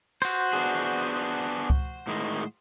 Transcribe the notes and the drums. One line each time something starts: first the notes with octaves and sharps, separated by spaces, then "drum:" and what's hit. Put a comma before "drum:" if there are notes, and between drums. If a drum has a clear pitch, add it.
F#4 C5, drum: cymbal
B3 D4 G#4
drum: kick C#2
A2 D#3 G#3